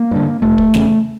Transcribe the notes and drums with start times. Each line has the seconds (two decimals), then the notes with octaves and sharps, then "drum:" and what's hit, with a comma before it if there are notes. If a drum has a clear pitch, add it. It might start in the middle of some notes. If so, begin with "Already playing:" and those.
Already playing: A#3
0.11 G2 D3
0.42 F1 A3
0.58 drum: kick
0.74 E2 C#3, drum: snare